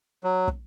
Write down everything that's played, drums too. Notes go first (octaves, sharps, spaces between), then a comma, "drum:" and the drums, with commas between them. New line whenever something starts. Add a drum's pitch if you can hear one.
F#3
drum: kick